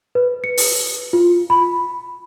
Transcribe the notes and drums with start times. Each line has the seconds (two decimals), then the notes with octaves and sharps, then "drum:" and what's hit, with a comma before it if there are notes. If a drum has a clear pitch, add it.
0.15 B4
0.44 C#7
0.57 drum: open hi-hat
1.13 F4
1.50 B5